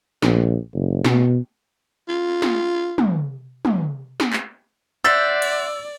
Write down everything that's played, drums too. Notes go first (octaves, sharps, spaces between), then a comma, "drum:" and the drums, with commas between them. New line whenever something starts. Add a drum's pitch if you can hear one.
A#1, drum: snare
F#1
B2, drum: snare
F4
drum: snare
drum: tom
drum: tom
drum: snare
drum: clap
C5 D5 E5 F#5 E6 A6
drum: cymbal